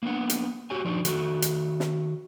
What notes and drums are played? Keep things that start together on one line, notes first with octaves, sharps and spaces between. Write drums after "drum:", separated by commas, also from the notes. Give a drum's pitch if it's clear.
A#3 B3 D4 F#5
drum: hi-hat
F#4 G4 C#5 G#5
F3 D4 D#4 F#4
D#3 F#4 A4, drum: hi-hat
drum: hi-hat
drum: snare